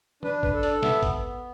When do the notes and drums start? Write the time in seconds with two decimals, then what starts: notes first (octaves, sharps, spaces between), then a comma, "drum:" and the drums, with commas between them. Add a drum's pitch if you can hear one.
0.23 D4 B4, drum: tom
0.43 B4, drum: kick
0.53 A4
0.63 D5, drum: hi-hat
0.83 B3 E5, drum: snare
1.03 drum: kick, hi-hat
1.12 B3